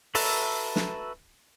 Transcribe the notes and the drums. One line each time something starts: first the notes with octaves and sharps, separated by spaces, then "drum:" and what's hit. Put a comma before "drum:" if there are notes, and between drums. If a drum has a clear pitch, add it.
F#4 A4 B4 E5 A#5, drum: open hi-hat
drum: snare